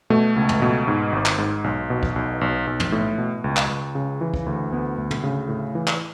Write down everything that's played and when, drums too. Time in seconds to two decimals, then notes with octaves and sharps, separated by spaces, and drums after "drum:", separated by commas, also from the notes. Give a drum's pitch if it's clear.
0.10 B2 A3
0.36 C#2
0.49 drum: tom
0.62 B2
0.88 G#2
1.13 G#1
1.26 drum: clap
1.38 G#2
1.64 B1
1.90 B2
2.03 drum: kick
2.16 B1
2.41 B1
2.67 B1
2.80 drum: tom
2.92 A2
3.18 B2
3.44 C#2
3.57 drum: clap
3.69 C#2
3.95 C#3
4.21 E3
4.34 drum: kick
4.46 D2
4.72 D2 B3
4.98 D2
5.11 drum: tom
5.24 C#3
5.48 A2
5.75 E3
5.88 drum: clap